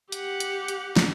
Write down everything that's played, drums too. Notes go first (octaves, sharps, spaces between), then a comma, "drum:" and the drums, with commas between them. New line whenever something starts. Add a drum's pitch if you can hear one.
G4 F#5, drum: hi-hat
drum: hi-hat
drum: hi-hat
drum: snare